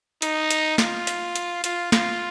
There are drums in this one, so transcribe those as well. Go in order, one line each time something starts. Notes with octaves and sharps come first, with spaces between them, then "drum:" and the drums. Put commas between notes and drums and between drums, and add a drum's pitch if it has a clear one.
D#4, drum: hi-hat
drum: hi-hat
F4, drum: snare
drum: hi-hat
drum: hi-hat
F4, drum: hi-hat
F4, drum: snare